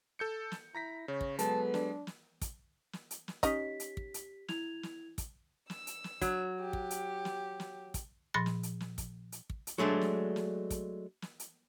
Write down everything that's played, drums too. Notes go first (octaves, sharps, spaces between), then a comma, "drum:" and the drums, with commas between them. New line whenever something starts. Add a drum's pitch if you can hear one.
A4 G6 C#7
drum: snare
E4 A#5 A#6 B6
C#3 C#5
drum: kick
F#3 G#3 B3 A4 B4 A5, drum: hi-hat
D4, drum: snare
drum: snare
drum: kick, hi-hat
drum: snare
drum: hi-hat
drum: snare
C#4 D#4 G4 D#5 B6, drum: kick, hi-hat
drum: hi-hat
drum: kick
drum: hi-hat
E4 G#6 F7, drum: snare
drum: snare
drum: kick, hi-hat
E6, drum: snare
drum: hi-hat
drum: snare
F#3, drum: kick, hi-hat
G4
drum: kick
drum: hi-hat
drum: snare
drum: snare
drum: kick, hi-hat
A#2 F3 B5 C6 A6 A#6
drum: snare
drum: hi-hat
drum: snare
drum: kick, hi-hat
drum: hi-hat
drum: kick
drum: hi-hat
F#3 G#3 A3 D4
drum: snare
drum: snare
drum: kick, hi-hat
drum: snare
drum: hi-hat